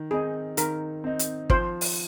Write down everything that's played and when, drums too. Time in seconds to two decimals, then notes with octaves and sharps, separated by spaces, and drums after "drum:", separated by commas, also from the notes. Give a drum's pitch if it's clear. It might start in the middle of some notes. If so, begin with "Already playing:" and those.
Already playing: D#3
0.11 C4 D#4 G#4
0.57 D#3 A#4, drum: hi-hat
1.04 C4 D#4
1.19 drum: hi-hat
1.50 F3 C5, drum: kick
1.81 drum: open hi-hat